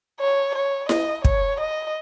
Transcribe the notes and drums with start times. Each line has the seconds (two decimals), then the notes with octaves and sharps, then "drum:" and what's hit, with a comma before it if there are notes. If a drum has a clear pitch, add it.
0.20 C#5
0.55 C#5
0.89 D#5, drum: snare E4
1.25 C#5, drum: kick
1.60 D#5